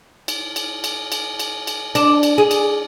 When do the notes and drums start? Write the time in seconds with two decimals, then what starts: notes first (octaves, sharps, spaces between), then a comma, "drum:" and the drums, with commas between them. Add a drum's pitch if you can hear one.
0.28 drum: cymbal
0.56 drum: cymbal
0.84 drum: cymbal
1.12 drum: cymbal
1.39 drum: cymbal
1.67 drum: cymbal
1.95 D4, drum: cymbal
2.23 drum: cymbal
2.38 G#4
2.51 drum: cymbal